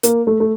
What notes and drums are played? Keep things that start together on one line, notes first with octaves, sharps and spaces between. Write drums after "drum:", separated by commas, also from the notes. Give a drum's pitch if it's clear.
A#3, drum: hi-hat
A3
A3